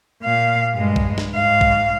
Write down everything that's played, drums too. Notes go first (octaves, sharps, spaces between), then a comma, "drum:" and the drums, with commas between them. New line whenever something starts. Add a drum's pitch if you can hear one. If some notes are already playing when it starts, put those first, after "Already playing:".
A#2 F5
G2 G#3
drum: kick
drum: snare
G#2 F5
drum: kick